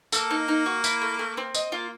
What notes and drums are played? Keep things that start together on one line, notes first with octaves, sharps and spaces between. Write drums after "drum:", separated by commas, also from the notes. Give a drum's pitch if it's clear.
A#3 A4, drum: tambourine
D#4
D#4
F#4
E4, drum: tambourine
A3
A3
C4
D#5, drum: tambourine
A#3 F4